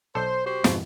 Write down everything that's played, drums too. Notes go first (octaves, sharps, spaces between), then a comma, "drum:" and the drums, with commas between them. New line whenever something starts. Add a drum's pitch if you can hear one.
B1 A4 C5 D5
F#4 G4 C5
F2 G#2 B2, drum: snare